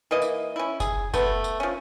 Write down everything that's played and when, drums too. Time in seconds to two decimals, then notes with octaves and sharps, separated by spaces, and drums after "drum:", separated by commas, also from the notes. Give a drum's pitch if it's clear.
0.11 E3 A#3 D#5
0.22 drum: tambourine
0.56 C#4 E4
0.80 G#4, drum: kick F1, tambourine
1.14 A3 B3, drum: kick F1, tambourine
1.44 drum: tambourine
1.60 F3 C#4